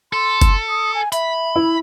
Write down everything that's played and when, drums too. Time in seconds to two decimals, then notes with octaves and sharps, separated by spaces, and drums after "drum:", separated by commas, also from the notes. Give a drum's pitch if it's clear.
0.13 A4 C6
0.42 drum: kick F#1, hi-hat
0.69 D#6
0.94 G#5
1.12 E5 B5, drum: hi-hat
1.56 E4